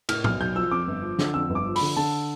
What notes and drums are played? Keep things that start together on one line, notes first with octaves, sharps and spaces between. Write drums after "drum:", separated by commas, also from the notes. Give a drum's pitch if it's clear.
A2 F6, drum: cymbal
B1 F6, drum: tom A2
B1 G6
F3 E6
F2 D6
G1
F3
D3, drum: snare
F2 E6
G1
D6
F3
B5, drum: open hi-hat
D3
D3 A5